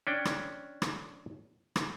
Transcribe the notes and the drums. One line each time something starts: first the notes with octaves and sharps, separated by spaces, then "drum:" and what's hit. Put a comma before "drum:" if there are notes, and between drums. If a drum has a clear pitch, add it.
C#4 D4 G5
drum: rim click
drum: rim click
drum: rim click